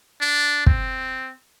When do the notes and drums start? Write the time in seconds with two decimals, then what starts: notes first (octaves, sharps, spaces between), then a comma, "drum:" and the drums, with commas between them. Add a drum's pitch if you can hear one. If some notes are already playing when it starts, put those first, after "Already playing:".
0.21 D4
0.66 C4, drum: kick